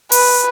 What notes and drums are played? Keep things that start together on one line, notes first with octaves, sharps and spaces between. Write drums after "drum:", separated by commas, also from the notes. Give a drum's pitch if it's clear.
B4, drum: open hi-hat